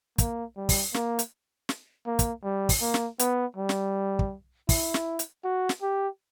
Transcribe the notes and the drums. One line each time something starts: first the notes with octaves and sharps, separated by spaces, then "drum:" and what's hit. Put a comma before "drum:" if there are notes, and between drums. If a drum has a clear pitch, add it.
A#3, drum: kick, hi-hat
G3
drum: kick, open hi-hat
A#3, drum: snare
drum: hi-hat
drum: snare
A#3
drum: kick, hi-hat
G3
drum: kick, open hi-hat
A#3
drum: snare
B3, drum: hi-hat
G3
drum: snare
drum: kick
E4, drum: kick, open hi-hat
drum: snare
drum: hi-hat
F#4
drum: snare
G4